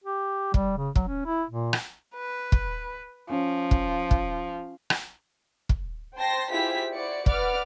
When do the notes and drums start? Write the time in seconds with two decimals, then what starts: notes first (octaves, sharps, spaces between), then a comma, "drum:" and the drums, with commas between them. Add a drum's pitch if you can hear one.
0.04 G4
0.54 G3, drum: kick
0.78 C#3
0.95 F#3, drum: kick
1.08 C#4
1.26 E4
1.50 A#2
1.73 drum: rim click
2.15 B4
2.52 drum: kick
3.30 F3 C#4
3.71 drum: kick
4.11 drum: kick
4.90 drum: rim click
5.69 drum: kick
6.15 C5 G5 A5 C6 A#6
6.51 E4 F4 G4 G#4 C5 B6
6.93 E4 F#4 C5 D5 C#7
7.26 B4 D5 F#5 D6 F6, drum: kick